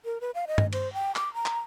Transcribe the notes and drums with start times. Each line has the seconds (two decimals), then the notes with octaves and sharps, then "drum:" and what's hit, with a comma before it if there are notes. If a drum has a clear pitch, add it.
0.05 A#4
0.21 B4
0.35 F5
0.48 D#5
0.58 drum: tom G2
0.73 C5, drum: cymbal
0.94 G5
1.16 D6, drum: clap
1.34 A#5
1.46 drum: clap